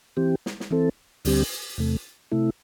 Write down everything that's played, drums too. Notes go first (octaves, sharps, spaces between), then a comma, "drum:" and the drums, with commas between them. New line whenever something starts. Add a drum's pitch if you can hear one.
E3 C4 G4
drum: snare
drum: snare
E3 C4 A4
D2 D3 G3 C4 G4, drum: open hi-hat
E2 C3 A3
C3 A3 E4